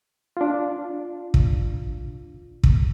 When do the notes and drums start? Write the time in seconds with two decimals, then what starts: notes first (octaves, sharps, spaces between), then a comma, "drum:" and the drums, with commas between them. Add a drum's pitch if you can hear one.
0.37 D4 F4
1.34 drum: kick
2.64 drum: kick